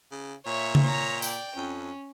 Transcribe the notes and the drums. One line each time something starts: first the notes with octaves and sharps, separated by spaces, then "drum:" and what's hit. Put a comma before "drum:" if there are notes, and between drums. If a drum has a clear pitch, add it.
C#3
A#2 C#5 E5
drum: tom C#3
C#5 A#5
D5 G5, drum: tambourine
F2 C#4